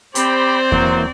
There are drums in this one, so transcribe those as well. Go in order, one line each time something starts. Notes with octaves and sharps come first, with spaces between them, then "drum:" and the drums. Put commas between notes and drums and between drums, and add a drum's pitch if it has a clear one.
C4 G4 C5 D5 B5, drum: hi-hat
E3 F#3 A#3, drum: kick E2